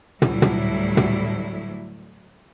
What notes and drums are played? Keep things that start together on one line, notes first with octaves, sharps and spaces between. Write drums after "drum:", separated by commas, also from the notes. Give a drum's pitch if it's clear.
D2 A2 F#3 G3 E4, drum: tom
drum: tom
drum: tom